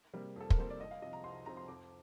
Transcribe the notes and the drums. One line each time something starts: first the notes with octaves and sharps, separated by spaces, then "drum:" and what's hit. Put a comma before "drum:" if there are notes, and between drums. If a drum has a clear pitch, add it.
C3 G3 A#3
F2 A4
A#4, drum: kick
C3 G3 A#3 C5
D5
C2 D#5
F5
C3 F3 C4 D#5
A#5
C2 C6
C3 F3 C4 A#5
C6
F2 D6